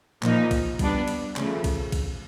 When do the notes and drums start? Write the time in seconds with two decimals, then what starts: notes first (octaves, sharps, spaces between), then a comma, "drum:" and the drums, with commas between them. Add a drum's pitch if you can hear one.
0.23 A#2 F3 A#3 D#4, drum: clap
0.51 drum: kick A#1, cymbal
0.79 G3 B3 D4, drum: kick A#1, cymbal
1.08 drum: cymbal
1.36 C#3 F3 A3, drum: clap
1.64 drum: kick A#1, cymbal
1.92 drum: kick A#1, cymbal